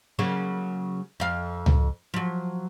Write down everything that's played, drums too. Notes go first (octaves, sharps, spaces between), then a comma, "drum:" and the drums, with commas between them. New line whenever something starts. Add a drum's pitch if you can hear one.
C#3 F#3 A#3
F2 F5
drum: tom C#2
F3 F#3